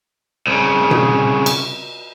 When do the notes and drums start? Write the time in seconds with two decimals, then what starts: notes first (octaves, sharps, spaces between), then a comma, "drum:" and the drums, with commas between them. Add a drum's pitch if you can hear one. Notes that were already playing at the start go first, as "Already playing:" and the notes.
0.47 C2 C#3
0.91 drum: tom B2
1.46 drum: cymbal